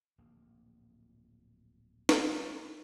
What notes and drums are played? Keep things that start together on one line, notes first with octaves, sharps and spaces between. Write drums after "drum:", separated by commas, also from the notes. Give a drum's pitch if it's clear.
D1 A#1 A#3
drum: snare